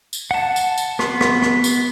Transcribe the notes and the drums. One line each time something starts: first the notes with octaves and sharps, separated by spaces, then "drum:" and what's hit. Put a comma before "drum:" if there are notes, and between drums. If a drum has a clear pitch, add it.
drum: tambourine
F#5 A5
drum: tambourine
drum: tambourine
B3 C6, drum: rim click
drum: rim click
drum: rim click
drum: tambourine